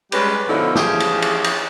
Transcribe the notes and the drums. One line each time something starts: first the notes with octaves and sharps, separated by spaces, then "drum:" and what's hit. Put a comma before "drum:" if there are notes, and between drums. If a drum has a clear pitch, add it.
G3 G#3 C#4 G4 B4, drum: cymbal
B2 D3 F3 C#4 D#4 E4
E3 F3 C#4 G4 G#4, drum: snare
drum: cymbal
drum: cymbal
drum: cymbal